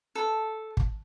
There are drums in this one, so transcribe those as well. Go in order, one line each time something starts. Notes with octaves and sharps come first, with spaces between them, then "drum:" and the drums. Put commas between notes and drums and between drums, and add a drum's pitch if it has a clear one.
A4
drum: kick